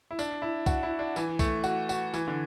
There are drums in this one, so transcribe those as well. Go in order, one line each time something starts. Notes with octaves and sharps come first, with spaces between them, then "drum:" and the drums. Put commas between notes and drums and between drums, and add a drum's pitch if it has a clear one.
E4
D4, drum: tambourine
E4
F#4, drum: kick B1, tambourine
E4
D4
E3, drum: tambourine
A3, drum: kick B1, tambourine
F#4, drum: tambourine
F#4, drum: tambourine
E3, drum: tambourine
D3